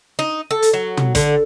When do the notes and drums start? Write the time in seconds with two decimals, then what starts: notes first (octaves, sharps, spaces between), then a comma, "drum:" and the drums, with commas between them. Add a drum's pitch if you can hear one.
0.19 D#4
0.51 A4
0.62 drum: hi-hat
0.73 F#3
0.97 drum: tom
1.15 D3, drum: kick, hi-hat